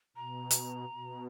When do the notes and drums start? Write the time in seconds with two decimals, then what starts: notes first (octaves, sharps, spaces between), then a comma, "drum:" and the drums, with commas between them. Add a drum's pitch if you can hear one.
0.16 B2 A#5
0.51 drum: hi-hat
0.93 B2